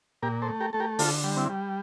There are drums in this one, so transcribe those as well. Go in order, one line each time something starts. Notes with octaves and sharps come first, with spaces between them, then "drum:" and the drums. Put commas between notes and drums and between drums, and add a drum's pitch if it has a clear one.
A#2 G4 A#4
A4 C5
A3
G4 A#4
A3 A4
G4 A#4
D3 F4 A4, drum: open hi-hat
G3
C4 E4
G3